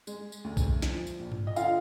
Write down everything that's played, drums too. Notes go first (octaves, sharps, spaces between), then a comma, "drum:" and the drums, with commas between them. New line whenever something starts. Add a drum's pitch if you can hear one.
G#3, drum: tambourine
drum: tambourine
D2
drum: kick B1, tambourine
F3, drum: snare
drum: tambourine
A#1
drum: tom G2
D#5
D3 F4 F5, drum: tambourine